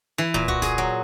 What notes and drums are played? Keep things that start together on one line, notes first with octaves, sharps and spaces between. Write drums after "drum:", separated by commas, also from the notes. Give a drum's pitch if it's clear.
E3
A#2, drum: kick D1
F#4, drum: tom C2
G#4, drum: snare D#1
F#3